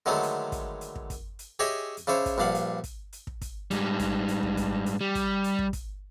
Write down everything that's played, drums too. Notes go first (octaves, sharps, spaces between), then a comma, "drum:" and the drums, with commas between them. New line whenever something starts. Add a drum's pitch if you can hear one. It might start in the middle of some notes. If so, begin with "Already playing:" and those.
D3 D#3 F#3 G#3 A3 B3
drum: hi-hat
drum: kick, hi-hat
drum: hi-hat
drum: kick
drum: kick, hi-hat
drum: hi-hat
G4 G#4 C#5 D#5 E5 G#5
drum: hi-hat
C#3 D4 E4 C5 C#5
drum: kick, hi-hat
A#1 G2 D4 F5 F#5
drum: hi-hat
drum: kick, hi-hat
drum: hi-hat
drum: kick
drum: kick, hi-hat
G#2 G3, drum: hi-hat
drum: kick, hi-hat
drum: hi-hat
drum: kick
drum: kick, hi-hat
drum: hi-hat
G3
drum: kick, hi-hat
drum: hi-hat
drum: kick
drum: kick, hi-hat